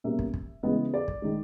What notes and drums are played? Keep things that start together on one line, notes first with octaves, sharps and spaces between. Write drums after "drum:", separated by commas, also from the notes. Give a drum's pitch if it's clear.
B2 G3 A#3 C#4 E5
drum: kick
drum: kick
C#3 E3 G#3 B3 D#5
D5
drum: kick
D#3 G#3